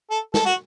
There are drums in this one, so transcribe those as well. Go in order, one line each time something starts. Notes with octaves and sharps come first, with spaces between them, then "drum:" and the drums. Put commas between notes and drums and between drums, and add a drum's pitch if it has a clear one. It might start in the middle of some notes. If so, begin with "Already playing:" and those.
A4
A4, drum: snare
F#4